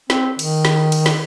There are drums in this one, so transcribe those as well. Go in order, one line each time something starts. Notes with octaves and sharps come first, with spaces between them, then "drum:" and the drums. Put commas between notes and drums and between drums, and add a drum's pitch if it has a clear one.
C4, drum: snare
D#3, drum: cymbal
drum: snare
drum: cymbal
drum: snare